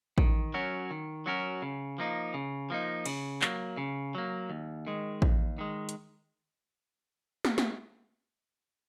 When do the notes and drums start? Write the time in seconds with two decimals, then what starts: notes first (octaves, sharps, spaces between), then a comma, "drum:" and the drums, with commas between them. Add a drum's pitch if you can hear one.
0.18 D#3, drum: kick A1
0.54 F#3 C#4 F#4 A#4
0.91 D#3
1.26 F#3 C#4 F#4 A#4
1.62 C#3
1.98 F3 A#3 D#4
2.34 C#3
2.70 F3 A#3 D#4
3.06 C#3, drum: cymbal
3.41 F#3 A#3, drum: clap
3.77 C#3
4.15 F#3 A#3
4.50 D#2
4.87 D#3 G#3
5.22 D#2, drum: kick A1
5.58 D#3 G#3
5.89 drum: hi-hat
7.45 drum: snare
7.58 drum: snare